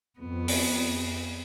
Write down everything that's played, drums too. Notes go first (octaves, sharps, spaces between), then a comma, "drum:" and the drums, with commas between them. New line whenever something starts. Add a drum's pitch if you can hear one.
F2 B3
drum: open hi-hat